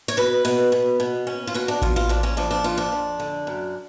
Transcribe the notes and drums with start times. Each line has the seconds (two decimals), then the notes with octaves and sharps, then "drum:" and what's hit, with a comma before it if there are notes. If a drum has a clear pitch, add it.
0.08 C#5
0.17 B2 B4
0.45 B2, drum: open hi-hat
0.72 B2
1.00 B2
1.27 C#4
1.47 F4
1.54 B2 F#4
1.68 D4
1.82 B2 F4, drum: kick A1
1.96 F4
2.09 F2 D4
2.23 C#4
2.37 F3 D4
2.51 D4
2.64 F2 F4
2.78 D4
2.92 F2
3.20 D3
3.47 F#2